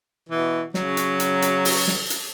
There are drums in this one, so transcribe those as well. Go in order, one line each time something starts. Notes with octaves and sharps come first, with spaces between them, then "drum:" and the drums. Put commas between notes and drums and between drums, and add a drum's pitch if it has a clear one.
B2 E3
C#3 F#3, drum: snare
drum: hi-hat
drum: hi-hat
drum: hi-hat
drum: open hi-hat
drum: snare
drum: hi-hat